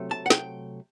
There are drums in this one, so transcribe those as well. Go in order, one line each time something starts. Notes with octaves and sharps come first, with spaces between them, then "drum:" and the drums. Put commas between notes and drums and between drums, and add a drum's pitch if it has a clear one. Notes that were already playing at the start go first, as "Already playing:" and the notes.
Already playing: C3 F#3 A3
A5
F#5
G5, drum: snare